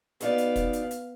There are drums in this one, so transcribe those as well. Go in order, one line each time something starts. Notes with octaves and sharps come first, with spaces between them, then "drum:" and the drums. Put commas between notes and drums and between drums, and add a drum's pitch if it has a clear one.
B2 B3 D#4 D5 F5, drum: hi-hat
drum: hi-hat
drum: kick, hi-hat
drum: hi-hat
drum: hi-hat